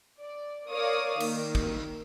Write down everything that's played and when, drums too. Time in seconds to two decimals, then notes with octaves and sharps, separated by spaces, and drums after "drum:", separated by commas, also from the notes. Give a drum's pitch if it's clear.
0.20 D5
0.69 A#4 C#5 D5 F5 D#6
1.20 D#3 A#3, drum: cymbal
1.55 drum: kick